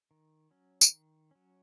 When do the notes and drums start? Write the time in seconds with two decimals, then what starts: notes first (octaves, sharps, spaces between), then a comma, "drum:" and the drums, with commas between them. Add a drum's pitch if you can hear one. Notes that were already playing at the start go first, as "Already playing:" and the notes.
0.11 D#3
0.51 F#3 C#4
0.81 drum: tambourine
0.91 D#3
1.31 F#3 C#4